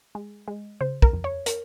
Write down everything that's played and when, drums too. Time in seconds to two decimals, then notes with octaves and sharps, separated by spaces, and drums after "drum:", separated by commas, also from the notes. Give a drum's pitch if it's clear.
0.15 G#3
0.48 G#3
0.81 C#3 C5
1.02 A#4, drum: kick
1.13 F2
1.24 C#5
1.46 A#4, drum: hi-hat